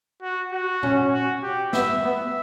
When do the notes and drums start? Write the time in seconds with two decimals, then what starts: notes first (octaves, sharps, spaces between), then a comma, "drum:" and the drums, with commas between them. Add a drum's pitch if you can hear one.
0.22 F#4
0.52 F#4
0.83 C#4, drum: tom A#2
1.13 F#4
1.43 G4
1.73 B3 E5, drum: snare
2.04 B3 E5